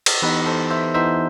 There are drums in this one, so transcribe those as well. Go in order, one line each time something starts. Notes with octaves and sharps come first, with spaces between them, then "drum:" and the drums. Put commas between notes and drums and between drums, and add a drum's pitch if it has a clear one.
drum: cymbal
E3 B3 D#4 G4 B4
A4 C5
C5 E5
E3 B3 D#4 C5 E5